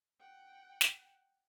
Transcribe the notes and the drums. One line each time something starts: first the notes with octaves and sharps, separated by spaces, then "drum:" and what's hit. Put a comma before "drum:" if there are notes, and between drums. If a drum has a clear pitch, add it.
F#5 G5
drum: snare